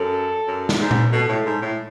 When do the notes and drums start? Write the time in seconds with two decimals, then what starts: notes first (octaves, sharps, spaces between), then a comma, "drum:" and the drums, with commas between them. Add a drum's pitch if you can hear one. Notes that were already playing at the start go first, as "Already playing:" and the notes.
Already playing: F#2 A4
0.47 F#2
0.69 drum: snare
0.80 G#2
0.91 drum: tom A#2
1.12 B2 A4
1.28 A2
1.45 G#2
1.62 A2